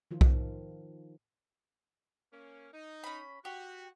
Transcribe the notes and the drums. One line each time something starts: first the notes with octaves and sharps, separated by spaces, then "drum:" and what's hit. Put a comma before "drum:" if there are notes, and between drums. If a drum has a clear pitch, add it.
D#3 F3 F4
drum: kick B1
A#3 C#4
D#4
C#4 B5
F#4 G4